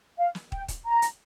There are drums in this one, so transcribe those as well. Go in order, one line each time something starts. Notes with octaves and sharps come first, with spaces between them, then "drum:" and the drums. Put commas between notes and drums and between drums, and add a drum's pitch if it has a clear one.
F5
drum: snare
G5, drum: kick
drum: kick, hi-hat
A#5
drum: hi-hat